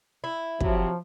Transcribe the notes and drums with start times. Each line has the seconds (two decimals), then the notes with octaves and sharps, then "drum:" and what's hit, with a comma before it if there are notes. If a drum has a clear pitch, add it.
0.24 E4
0.61 C3 F3 F#3, drum: kick